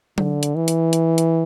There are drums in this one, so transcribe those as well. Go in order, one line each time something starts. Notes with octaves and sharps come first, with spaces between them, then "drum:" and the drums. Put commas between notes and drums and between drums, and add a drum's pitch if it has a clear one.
D3, drum: tom F#3
drum: hi-hat
E3
drum: hi-hat
drum: hi-hat
drum: hi-hat